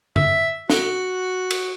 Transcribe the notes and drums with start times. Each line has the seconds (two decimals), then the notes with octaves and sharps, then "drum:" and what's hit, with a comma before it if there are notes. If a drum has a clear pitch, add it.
0.16 E5, drum: tom
0.70 F#4, drum: snare
1.51 drum: cymbal